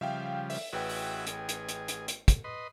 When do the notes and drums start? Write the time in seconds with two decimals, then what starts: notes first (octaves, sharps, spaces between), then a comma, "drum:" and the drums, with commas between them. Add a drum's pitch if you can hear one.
0.01 C#3 F3 G3 E5 F5 G5
0.50 E5, drum: open hi-hat
0.73 A1 F#4 G#4 B4 E5 G5
0.89 drum: open hi-hat
1.27 G#4, drum: hi-hat
1.49 drum: hi-hat
1.69 drum: hi-hat
1.88 drum: hi-hat
2.08 drum: hi-hat
2.28 drum: kick, hi-hat
2.44 B4 D#5 C6